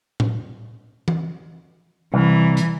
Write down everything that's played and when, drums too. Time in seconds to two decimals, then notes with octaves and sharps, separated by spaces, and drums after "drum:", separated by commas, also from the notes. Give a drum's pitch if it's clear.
0.20 drum: tom A2
1.08 drum: tom E3
2.14 C2 E3
2.57 drum: hi-hat